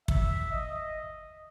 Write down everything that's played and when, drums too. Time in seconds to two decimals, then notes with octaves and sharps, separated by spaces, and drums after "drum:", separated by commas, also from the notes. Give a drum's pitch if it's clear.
0.08 E5, drum: kick
0.52 D#5